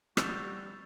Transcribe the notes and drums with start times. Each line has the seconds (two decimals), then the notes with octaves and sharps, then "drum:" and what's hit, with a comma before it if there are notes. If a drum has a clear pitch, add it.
0.17 G3 F#4 E6 G6 A6 E7 F7, drum: rim click